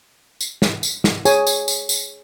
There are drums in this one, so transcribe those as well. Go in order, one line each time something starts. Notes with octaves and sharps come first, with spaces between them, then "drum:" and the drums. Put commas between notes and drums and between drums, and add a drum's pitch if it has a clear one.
drum: tambourine
drum: snare
drum: tambourine
drum: snare
G#4 C#5 G#5, drum: tambourine
drum: tambourine
drum: tambourine
drum: tambourine